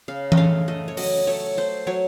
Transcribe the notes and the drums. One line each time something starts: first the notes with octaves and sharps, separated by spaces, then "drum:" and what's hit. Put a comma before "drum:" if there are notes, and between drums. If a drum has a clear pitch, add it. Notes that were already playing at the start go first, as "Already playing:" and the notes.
C#3 F5
D#5, drum: tom E3
A3 F5
A3 D#5
C#5
F#3 D#5, drum: open hi-hat
A3 C#5
A3 C5
F#3 C#5